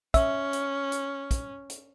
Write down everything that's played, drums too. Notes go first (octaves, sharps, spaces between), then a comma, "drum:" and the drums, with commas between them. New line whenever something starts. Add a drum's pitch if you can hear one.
C#4 E5, drum: kick, hi-hat
drum: hi-hat
drum: hi-hat
drum: kick, hi-hat
drum: hi-hat